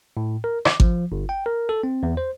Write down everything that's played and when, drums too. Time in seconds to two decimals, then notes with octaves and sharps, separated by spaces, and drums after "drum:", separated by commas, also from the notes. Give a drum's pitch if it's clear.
0.17 A2
0.44 A#4
0.65 D6, drum: rim click
0.80 F3, drum: kick G#1
1.12 G1
1.29 G5
1.46 A#4
1.69 A4
1.83 C4
2.03 E2
2.17 C5